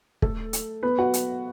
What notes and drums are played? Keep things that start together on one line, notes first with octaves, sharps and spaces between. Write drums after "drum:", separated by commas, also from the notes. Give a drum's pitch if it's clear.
A3 A4, drum: kick
drum: hi-hat
B3 B4
F#4 F#5
drum: hi-hat